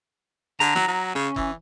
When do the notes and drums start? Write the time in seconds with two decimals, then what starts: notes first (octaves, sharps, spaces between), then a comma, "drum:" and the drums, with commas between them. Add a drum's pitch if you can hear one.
0.60 D3 A#5, drum: hi-hat
0.75 F#3, drum: snare
0.88 F#3
1.15 C#3 C#4
1.36 E3, drum: kick F#1